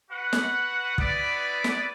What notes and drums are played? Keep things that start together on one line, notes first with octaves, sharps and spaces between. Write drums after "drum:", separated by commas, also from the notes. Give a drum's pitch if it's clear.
F#4 B4 F#5
drum: snare
B3 E4 B4 D5, drum: kick
drum: snare